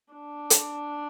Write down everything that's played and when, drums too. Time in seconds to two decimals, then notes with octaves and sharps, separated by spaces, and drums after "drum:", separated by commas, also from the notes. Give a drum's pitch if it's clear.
0.13 D4
0.50 drum: hi-hat